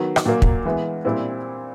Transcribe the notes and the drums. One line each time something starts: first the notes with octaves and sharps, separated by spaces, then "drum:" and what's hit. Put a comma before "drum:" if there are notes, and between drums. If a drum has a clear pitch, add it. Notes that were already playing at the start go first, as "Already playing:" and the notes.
Already playing: D#3 F#3 B3
drum: rim click
A#2 F#3 A#3
drum: kick
E3 G#3 B3
A#2 G3 C4 E4